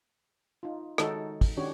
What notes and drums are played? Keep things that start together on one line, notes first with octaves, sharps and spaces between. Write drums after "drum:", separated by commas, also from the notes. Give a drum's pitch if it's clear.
D#4 F4
D#3 G#3 D#4 F#4 A4 C#5, drum: rim click
drum: kick, open hi-hat
D#3 C#4 D4 F#4 G4 C#5